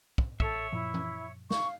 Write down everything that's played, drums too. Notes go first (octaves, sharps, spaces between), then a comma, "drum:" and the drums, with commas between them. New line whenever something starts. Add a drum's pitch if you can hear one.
drum: kick
A1 A4 C#5 E5, drum: kick
F#2 A#2 F3 E4
drum: tom E3
F5 C#6, drum: snare